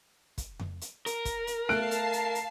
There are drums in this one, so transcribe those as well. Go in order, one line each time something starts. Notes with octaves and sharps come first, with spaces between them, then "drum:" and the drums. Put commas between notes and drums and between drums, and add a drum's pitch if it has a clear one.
drum: kick, hi-hat
drum: tom F2
drum: hi-hat
A#4, drum: hi-hat
drum: kick, hi-hat
drum: hi-hat
A3 F5 A5 F#6 C7 D7, drum: snare B3
drum: hi-hat
drum: hi-hat
drum: hi-hat